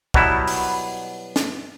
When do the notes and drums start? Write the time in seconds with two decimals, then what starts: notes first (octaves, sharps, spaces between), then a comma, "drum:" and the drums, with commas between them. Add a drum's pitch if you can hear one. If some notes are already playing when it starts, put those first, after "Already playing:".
0.14 B2 F#3 G3 B3 E4, drum: kick
0.48 drum: open hi-hat
1.36 drum: snare